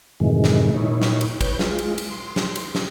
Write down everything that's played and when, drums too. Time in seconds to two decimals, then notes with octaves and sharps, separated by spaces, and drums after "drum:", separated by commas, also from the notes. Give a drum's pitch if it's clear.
0.20 F#2 A2 C3 D#3 E3 G#3
0.44 drum: snare
0.75 A#2 D#4 E4 C#5
1.02 drum: snare
1.21 drum: cymbal
1.41 B4 C#5 G6, drum: kick, cymbal
1.59 G#3 F4, drum: snare
1.79 drum: cymbal
1.98 drum: cymbal
2.10 C6
2.36 drum: snare
2.56 drum: cymbal
2.75 drum: snare